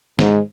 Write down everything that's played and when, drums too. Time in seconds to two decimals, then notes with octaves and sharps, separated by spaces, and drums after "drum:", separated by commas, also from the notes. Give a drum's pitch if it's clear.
0.19 G#2, drum: snare